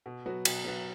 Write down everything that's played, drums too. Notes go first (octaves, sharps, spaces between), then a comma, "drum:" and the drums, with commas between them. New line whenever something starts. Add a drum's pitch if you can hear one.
B2
F#3 B3 F#4
B2, drum: cymbal
F#3 B3 F#4